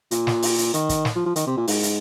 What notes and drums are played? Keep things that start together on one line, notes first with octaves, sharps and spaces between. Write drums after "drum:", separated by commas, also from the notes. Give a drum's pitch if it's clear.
A#2, drum: hi-hat
drum: snare
drum: open hi-hat
drum: hi-hat
D#3, drum: hi-hat
drum: kick, hi-hat
drum: snare
F3
F3
D#3, drum: hi-hat
C3
A#2
G#2, drum: open hi-hat
drum: hi-hat